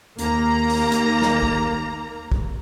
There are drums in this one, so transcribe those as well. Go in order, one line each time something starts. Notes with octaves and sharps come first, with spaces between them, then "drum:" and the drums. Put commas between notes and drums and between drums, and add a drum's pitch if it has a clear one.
D#2 A#3 A#5, drum: hi-hat
drum: open hi-hat
drum: hi-hat
drum: snare
drum: kick
drum: kick